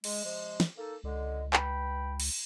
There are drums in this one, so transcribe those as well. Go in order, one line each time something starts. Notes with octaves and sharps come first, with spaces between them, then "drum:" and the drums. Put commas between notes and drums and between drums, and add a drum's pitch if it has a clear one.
G#3, drum: cymbal
C3 F3 G#3
drum: snare
A#3 D#4 A4
C#2 D3 G#3
B4 G5 B5, drum: clap
drum: cymbal